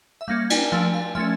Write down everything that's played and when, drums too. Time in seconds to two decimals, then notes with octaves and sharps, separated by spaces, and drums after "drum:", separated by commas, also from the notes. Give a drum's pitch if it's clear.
0.21 E5
0.28 G3 A#3 C#4 F5
0.50 G5, drum: cymbal
0.72 F3 A3 D4 F5
0.94 F5
1.15 F3 A3 C#4 E5